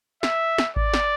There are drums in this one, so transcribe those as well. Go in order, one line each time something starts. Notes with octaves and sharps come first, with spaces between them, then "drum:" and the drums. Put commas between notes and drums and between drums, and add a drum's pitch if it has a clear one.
E5, drum: snare
drum: snare
D5, drum: kick G#1
drum: snare